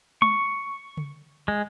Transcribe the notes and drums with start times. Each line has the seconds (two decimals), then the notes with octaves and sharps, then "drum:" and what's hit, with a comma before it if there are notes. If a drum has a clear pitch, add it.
0.22 C#6, drum: tom G#3
0.97 drum: tom C#3
1.48 G#3